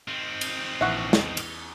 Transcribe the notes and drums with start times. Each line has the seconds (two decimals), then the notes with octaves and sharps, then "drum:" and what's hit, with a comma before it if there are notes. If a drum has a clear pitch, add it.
0.08 D#3 C4
0.41 drum: cymbal
0.81 A#1 E3 E5 F#5 C#6
1.13 E2, drum: snare
1.37 drum: cymbal